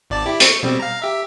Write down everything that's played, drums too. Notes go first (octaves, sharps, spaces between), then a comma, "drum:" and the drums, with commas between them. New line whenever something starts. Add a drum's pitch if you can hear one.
G#1 D5 A5
E4 G4
C#6, drum: hi-hat
B2 G3 C4
F5 A#5
G4 E5